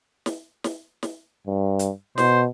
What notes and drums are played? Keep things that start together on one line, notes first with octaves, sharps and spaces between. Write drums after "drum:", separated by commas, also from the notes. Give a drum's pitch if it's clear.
drum: snare
drum: snare
drum: snare
G2
drum: hi-hat
B2 C5, drum: snare